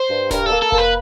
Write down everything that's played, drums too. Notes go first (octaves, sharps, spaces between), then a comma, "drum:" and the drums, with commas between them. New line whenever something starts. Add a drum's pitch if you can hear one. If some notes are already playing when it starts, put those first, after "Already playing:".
Already playing: C5
G2
G2 A#4, drum: snare D1
A4
A#3
A4
A#3, drum: kick F1
B4